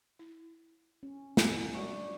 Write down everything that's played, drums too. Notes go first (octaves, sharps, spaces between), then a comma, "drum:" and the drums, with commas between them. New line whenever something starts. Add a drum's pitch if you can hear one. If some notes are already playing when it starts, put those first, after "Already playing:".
E4
C#4
G4 G#5, drum: snare
F#3 G3 D4 C#6